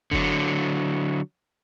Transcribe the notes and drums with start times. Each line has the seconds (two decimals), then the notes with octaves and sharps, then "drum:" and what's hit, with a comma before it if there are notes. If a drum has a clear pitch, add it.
0.11 D3 F#3, drum: kick F#1